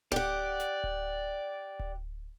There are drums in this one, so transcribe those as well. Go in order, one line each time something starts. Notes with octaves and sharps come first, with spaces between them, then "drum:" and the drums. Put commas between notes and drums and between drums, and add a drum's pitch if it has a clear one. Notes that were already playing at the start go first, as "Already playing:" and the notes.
G4 D5 F#5, drum: kick D1
drum: snare
drum: kick D1
drum: kick D1